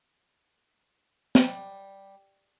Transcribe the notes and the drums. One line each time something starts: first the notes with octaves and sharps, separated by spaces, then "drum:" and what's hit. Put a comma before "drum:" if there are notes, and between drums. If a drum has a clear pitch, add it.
G3, drum: snare